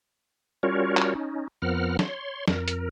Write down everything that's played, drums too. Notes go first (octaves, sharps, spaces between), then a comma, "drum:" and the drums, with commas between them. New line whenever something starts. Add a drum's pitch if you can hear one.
G3 C#4 F4 F#4 A#4 C#5
drum: clap
C#4 D#4
F2 F3 B3 A#4 F#5 F6
C#5 C6, drum: snare
F2 A#4, drum: snare
drum: hi-hat